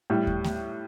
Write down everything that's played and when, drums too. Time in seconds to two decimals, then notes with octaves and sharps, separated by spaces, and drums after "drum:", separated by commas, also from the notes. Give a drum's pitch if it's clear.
0.10 A2 G3
0.27 drum: kick D#2
0.44 drum: snare A3